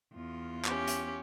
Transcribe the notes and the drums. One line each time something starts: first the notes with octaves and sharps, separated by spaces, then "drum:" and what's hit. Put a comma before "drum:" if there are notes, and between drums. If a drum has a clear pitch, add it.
E2 F4
C#4 G4, drum: clap
drum: hi-hat